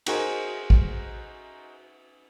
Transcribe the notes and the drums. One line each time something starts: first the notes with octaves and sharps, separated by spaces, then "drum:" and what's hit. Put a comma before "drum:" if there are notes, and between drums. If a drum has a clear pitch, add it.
D#4 F#4 G#4 A#4 C5, drum: cymbal
drum: kick A1